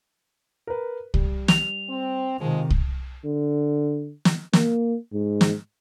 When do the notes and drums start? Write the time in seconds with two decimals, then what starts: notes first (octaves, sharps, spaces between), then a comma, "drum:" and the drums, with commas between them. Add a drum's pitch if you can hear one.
0.67 A#4 B4
1.14 G3, drum: kick C2
1.48 F7, drum: snare
1.89 C4
2.40 C3 D#3 F3 G#3
2.70 drum: kick C2
3.25 D3
4.25 drum: snare
4.53 A#3, drum: snare
5.13 G#2
5.41 drum: snare